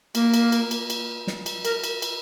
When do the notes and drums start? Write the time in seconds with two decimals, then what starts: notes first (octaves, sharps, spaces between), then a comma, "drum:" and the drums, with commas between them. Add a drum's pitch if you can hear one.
0.15 A#3, drum: cymbal
0.34 drum: cymbal
0.52 drum: cymbal
0.71 drum: cymbal
0.90 drum: cymbal
1.27 drum: snare
1.46 drum: cymbal
1.65 A#4, drum: cymbal
1.84 drum: cymbal
2.02 drum: cymbal